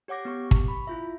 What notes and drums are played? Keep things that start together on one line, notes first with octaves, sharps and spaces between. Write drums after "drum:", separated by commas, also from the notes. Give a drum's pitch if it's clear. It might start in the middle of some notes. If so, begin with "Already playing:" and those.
G4 C#5 F#5 D6 A#6
B3 G4 C#6
C#6, drum: kick
B5
E4 F4 E5